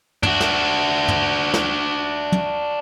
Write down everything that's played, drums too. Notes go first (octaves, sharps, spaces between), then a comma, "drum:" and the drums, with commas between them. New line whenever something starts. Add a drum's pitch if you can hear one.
D4 F#4, drum: tom
drum: snare
drum: tom
drum: snare
drum: tom